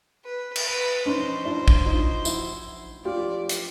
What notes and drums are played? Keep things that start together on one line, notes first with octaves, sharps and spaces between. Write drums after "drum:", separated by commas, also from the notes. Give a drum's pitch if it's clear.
B4
drum: cymbal
B4
C#4 D#4 C5
D4 E4
drum: kick
D#4 F4
E4 F#4, drum: tambourine
F4 G4 D5
drum: hi-hat